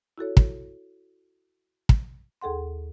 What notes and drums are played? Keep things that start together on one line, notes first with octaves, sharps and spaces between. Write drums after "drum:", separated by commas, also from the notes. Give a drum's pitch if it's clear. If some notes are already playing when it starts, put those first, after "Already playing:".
E4 F#4 A4 C#5
drum: kick
drum: kick
D#2 G#4 A4 F#5 C6